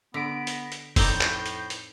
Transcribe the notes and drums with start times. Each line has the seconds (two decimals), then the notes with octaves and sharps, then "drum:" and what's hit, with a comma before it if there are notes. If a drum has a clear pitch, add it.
0.14 D3 B3 A#6 B6 D7
0.47 drum: hi-hat
0.72 drum: hi-hat
0.96 F2 A2 C4 D#4 A4 D5 G6, drum: kick, open hi-hat
1.21 drum: clap
1.46 drum: hi-hat
1.70 drum: hi-hat